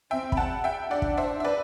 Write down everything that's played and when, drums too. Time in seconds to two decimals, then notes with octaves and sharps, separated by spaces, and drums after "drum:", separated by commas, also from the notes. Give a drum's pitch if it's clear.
0.11 C4 E5 G5
0.32 B5, drum: kick
0.37 F#5 A5
0.64 E5 G5
0.91 D4 D5 F#5
1.02 drum: kick
1.17 C5 E5
1.40 E5
1.45 B4 D5